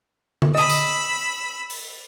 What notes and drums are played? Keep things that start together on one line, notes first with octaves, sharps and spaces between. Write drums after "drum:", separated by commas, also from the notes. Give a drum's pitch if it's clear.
drum: tom D3
D#5 B5 D#6 E6
drum: tambourine
drum: open hi-hat